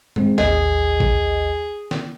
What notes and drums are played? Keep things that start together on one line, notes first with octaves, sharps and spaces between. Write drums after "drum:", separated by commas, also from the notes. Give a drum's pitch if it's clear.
G#2 G#3 C4, drum: tom
A1 D#2 G#4 D#5, drum: snare
drum: kick A#1
drum: snare